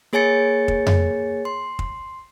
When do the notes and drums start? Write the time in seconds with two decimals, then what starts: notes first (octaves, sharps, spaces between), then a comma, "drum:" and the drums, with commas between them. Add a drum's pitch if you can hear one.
0.13 A#3 G#4 C#5 G#5 A6 C#7
0.68 drum: kick
0.87 drum: tom F2
1.45 C6
1.79 drum: kick